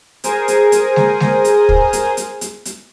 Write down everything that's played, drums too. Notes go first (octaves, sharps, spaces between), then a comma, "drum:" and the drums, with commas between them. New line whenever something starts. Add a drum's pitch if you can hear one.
G#4 A#4 C5 G#5 D#6, drum: hi-hat
drum: hi-hat
drum: hi-hat
drum: snare G#3
drum: snare G#3
drum: hi-hat
drum: kick
drum: hi-hat
drum: hi-hat
drum: hi-hat
drum: hi-hat